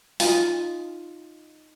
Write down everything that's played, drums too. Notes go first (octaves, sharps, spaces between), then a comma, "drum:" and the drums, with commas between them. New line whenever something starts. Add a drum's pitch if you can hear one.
D#4 F4, drum: open hi-hat